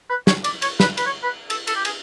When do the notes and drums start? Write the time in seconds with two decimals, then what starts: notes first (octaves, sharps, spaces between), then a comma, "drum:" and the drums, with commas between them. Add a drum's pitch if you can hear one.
0.09 B4
0.27 C#5, drum: snare
0.44 D5, drum: cymbal
0.62 C#5, drum: cymbal
0.80 B4, drum: snare
0.97 B4, drum: cymbal
1.06 C#5
1.23 B4
1.50 A4, drum: cymbal
1.67 A4, drum: cymbal
1.76 G4
1.85 G#4, drum: cymbal